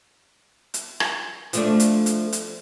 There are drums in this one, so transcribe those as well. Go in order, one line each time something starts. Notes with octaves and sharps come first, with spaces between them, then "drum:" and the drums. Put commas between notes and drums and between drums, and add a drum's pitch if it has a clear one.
drum: hi-hat
drum: rim click
F3 A3 D4, drum: hi-hat
drum: hi-hat
drum: hi-hat
drum: hi-hat